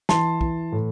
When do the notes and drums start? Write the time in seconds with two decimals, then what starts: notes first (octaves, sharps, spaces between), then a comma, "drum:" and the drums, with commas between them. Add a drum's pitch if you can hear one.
0.09 E3 A5 C6, drum: snare
0.41 E3, drum: kick
0.72 A2